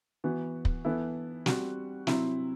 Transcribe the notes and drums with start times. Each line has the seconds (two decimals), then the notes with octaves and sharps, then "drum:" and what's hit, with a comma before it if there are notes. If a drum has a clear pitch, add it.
0.24 E3 B3 F#4
0.65 drum: kick
0.85 E3 B3 E4 A4
1.46 G3 C4 F#4, drum: snare
2.07 C3 F#3 C4 E4, drum: snare